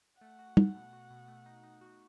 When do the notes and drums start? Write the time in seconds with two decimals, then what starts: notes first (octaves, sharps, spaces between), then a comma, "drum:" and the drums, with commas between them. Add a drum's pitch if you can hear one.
0.21 A3 F#5
0.39 F#4
0.57 A3, drum: tom
0.75 B2
0.93 F#4
1.10 B2
1.28 A3
1.46 D#4
1.64 D#4
1.81 F#4